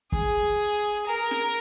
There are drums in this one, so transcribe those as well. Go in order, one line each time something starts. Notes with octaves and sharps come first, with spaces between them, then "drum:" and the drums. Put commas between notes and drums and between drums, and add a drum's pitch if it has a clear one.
G#4, drum: kick
A#4
drum: snare